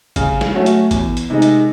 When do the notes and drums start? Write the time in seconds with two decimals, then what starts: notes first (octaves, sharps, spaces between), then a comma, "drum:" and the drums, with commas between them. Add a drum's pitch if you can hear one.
0.16 C#3, drum: kick, hi-hat
0.41 drum: snare
0.54 F#3 A3 C#4 F#4
0.66 drum: hi-hat
0.91 E2, drum: kick, hi-hat
1.17 drum: hi-hat
1.30 C3 D#3 G#3 D#4
1.42 drum: hi-hat